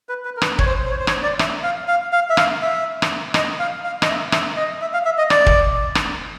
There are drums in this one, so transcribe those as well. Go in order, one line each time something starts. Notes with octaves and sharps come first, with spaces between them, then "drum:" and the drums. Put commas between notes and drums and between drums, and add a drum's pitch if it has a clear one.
B4
B4
A#4
B4, drum: rim click
C#5, drum: kick
C5
C5
C#5
C5
C#5, drum: rim click
D5
E5, drum: rim click
F5
F5
F5
E5
F5, drum: rim click
E5
drum: rim click
D#5, drum: rim click
F5
F5
D#5, drum: rim click
E5
E5, drum: rim click
D#5
E5
F5
E5
D#5
D5, drum: rim click
drum: kick
drum: rim click